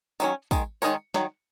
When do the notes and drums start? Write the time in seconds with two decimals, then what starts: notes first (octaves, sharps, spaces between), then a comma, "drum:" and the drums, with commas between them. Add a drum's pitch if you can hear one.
0.20 D#3 F#3 C#4, drum: tambourine
0.51 D#3 G#3, drum: kick, tambourine
0.82 D#3 G#3 D#4 A#4 C#5, drum: tambourine
1.14 D#3 F#3, drum: snare